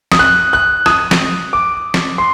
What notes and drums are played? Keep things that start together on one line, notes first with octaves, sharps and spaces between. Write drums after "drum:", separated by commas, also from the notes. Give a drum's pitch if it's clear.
D#6, drum: snare
F#6
F#6
D#6, drum: rim click
drum: snare
D6
drum: snare
C6